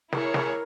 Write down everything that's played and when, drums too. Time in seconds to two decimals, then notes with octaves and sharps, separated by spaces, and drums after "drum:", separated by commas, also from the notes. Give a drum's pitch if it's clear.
0.12 E4 G#4 A#4 C#5, drum: snare
0.34 drum: snare